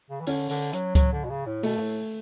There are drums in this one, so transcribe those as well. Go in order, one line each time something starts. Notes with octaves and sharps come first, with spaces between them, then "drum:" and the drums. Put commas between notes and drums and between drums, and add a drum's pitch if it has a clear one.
C#3
E3
D3 C#4, drum: open hi-hat
D3, drum: open hi-hat
F#3, drum: hi-hat
F#3, drum: kick C#2, hi-hat
D3
B2
C#3
A2
B2 A3, drum: open hi-hat
G2
A2